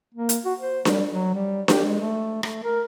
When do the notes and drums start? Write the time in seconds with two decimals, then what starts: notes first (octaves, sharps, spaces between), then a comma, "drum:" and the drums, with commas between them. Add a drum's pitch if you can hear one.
0.14 A#3
0.29 drum: hi-hat
0.45 F#4
0.59 C5
0.85 G3, drum: snare D4
1.12 F#3
1.34 G3
1.68 G4, drum: snare D4
1.85 G#3
2.00 A3
2.43 A3, drum: rim click
2.64 A#4